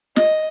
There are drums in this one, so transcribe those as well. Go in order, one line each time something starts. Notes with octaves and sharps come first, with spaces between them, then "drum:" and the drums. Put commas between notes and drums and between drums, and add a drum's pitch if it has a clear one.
D#5, drum: snare